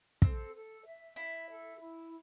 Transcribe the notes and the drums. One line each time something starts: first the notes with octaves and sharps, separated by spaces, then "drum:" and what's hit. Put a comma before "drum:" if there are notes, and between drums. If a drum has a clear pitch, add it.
C4 A4, drum: kick
A4
E5
E4 E5
A4
E4